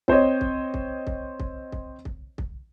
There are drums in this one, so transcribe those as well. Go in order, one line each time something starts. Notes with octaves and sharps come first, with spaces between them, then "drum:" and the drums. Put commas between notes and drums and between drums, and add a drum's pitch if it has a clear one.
C4 C5 C#5 D#5, drum: kick
drum: kick
drum: kick
drum: kick
drum: kick
drum: kick
drum: kick
drum: kick